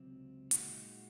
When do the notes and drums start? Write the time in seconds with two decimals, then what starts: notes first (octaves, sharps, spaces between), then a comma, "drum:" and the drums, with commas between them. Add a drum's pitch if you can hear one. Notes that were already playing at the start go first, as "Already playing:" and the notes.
Already playing: C#2 C3 F#3 C4
0.51 A#2 G#3 D#4 F#4, drum: hi-hat